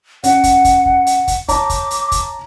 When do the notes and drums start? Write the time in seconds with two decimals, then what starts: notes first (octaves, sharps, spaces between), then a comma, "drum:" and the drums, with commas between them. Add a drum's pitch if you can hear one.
0.24 C#4 F#5, drum: hi-hat
0.44 drum: kick, hi-hat
0.65 drum: kick, hi-hat
0.86 drum: kick
1.07 drum: hi-hat
1.28 drum: kick, hi-hat
1.49 C#5 A5 A#5 D6, drum: kick, hi-hat
1.70 drum: kick, hi-hat
1.91 drum: hi-hat
2.12 drum: kick, hi-hat